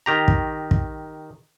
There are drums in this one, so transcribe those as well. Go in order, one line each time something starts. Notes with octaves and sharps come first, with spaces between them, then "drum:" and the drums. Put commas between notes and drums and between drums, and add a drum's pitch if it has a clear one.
D#3 G4 A#5
drum: kick
drum: kick